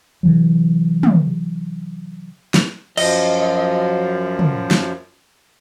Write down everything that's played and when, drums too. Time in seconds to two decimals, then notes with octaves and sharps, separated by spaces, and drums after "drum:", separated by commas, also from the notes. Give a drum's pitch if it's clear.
0.23 C3 E3 F#3
1.03 drum: tom
2.54 drum: snare
2.97 F#2 F3 D#5, drum: cymbal
4.39 drum: tom
4.71 drum: snare